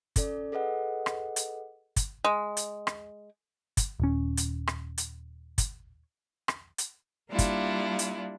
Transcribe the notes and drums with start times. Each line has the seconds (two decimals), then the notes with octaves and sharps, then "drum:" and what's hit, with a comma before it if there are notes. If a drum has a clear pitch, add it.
0.16 C#4 A4 D5, drum: kick, hi-hat
0.52 G#4 A4 B4 D#5 F#5
1.06 drum: rim click
1.36 drum: hi-hat
1.96 drum: kick, hi-hat
2.24 G#3
2.57 drum: hi-hat
2.87 drum: rim click
3.77 drum: kick, hi-hat
4.00 D#1 C#4
4.37 drum: hi-hat
4.67 drum: rim click
4.98 drum: hi-hat
5.58 drum: kick, hi-hat
6.48 drum: rim click
6.78 drum: hi-hat
7.29 G3 A#3 D4 E4 F4
7.39 drum: kick, hi-hat
7.99 drum: hi-hat